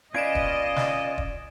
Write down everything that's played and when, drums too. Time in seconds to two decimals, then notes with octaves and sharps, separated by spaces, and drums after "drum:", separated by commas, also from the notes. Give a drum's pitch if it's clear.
0.14 C#4 F4 B4 D5 D#5 G#6 D7 E7
0.35 drum: kick
0.76 drum: snare
1.18 drum: kick